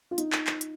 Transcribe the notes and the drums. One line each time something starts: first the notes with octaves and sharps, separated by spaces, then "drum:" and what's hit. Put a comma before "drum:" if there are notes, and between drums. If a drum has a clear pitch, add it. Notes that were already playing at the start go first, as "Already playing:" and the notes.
F4
D#4, drum: hi-hat
drum: clap
drum: clap
drum: hi-hat